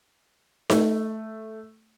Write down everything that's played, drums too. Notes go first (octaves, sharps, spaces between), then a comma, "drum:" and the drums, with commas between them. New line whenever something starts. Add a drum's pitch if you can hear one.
A3, drum: snare D#4